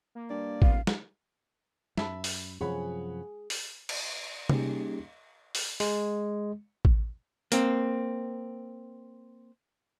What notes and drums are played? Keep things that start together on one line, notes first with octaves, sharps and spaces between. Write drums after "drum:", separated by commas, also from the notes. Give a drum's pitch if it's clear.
A#3
G2 D5
D#1 B3 F5, drum: kick A1
drum: snare
F#2 E5 A5 B5, drum: snare
drum: open hi-hat
F#2 C3 F3 G#4 C#5 F#5 B5
drum: open hi-hat
drum: cymbal
G3 A#3 C#4 D#4 G4 G#4, drum: tom C3
drum: open hi-hat
G#3, drum: open hi-hat
drum: kick A1
A#3 C4, drum: hi-hat